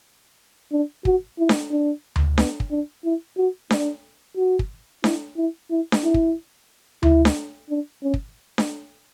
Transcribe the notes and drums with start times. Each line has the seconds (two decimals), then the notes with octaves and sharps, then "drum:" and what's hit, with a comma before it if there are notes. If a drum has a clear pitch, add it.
0.72 D4
1.05 F#4, drum: kick
1.38 E4
1.49 drum: snare D4
1.71 D4
2.16 drum: tom D2
2.38 B3, drum: snare D4
2.60 drum: kick
2.71 D4
3.04 E4
3.37 F#4
3.71 D4, drum: snare D4
4.37 F#4
4.59 drum: kick
5.04 E4, drum: snare D4
5.37 E4
5.70 E4
5.92 drum: snare D4
6.04 E4
6.14 drum: kick
7.03 E4, drum: tom D2
7.25 drum: snare D4
7.69 D4
8.03 C#4
8.14 drum: kick
8.58 drum: snare D4